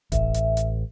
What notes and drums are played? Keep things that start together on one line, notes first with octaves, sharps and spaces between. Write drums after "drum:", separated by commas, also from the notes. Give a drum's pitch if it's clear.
A1 E5, drum: kick E1, hi-hat
drum: hi-hat
drum: hi-hat